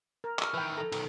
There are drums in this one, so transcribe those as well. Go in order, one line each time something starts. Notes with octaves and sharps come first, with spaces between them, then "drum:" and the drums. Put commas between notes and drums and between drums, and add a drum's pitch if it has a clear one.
A#4
C#6 E6 F6, drum: clap
D#3 E3 B4 G5
A4 A#5
B1 D#3, drum: cymbal